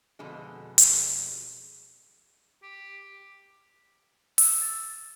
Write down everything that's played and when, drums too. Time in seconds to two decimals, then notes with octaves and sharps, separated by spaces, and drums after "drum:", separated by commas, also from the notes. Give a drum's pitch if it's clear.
0.19 F2 B2 D3 G#3
0.78 drum: hi-hat
2.63 G4
4.38 E6, drum: open hi-hat
4.62 A6